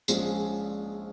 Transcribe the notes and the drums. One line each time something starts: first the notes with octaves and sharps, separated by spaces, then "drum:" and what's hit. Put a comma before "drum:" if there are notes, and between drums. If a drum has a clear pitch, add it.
A#1 G#2 F3 G#3 C#4, drum: tambourine